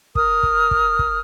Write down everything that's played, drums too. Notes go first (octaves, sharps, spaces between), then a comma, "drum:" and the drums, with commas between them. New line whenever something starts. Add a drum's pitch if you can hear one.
A#4 D#6 F6, drum: kick
drum: kick
drum: kick
drum: kick